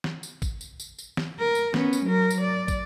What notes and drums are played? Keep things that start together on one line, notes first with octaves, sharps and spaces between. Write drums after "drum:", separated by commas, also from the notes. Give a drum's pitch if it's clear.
drum: snare
drum: tambourine
drum: kick, tambourine
drum: tambourine
drum: tambourine
drum: tambourine
drum: snare
A#4
drum: tambourine
B3 C#4, drum: snare
drum: tambourine
F#3 A#4
drum: tambourine
D5
drum: kick, tambourine